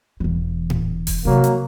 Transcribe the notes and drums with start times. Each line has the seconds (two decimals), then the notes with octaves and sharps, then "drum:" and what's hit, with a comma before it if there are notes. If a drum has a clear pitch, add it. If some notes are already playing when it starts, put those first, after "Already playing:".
0.20 E1 E3
0.70 drum: tom A2
1.07 drum: kick E1, open hi-hat
1.25 C3 F3 F#3 A#3
1.44 drum: hi-hat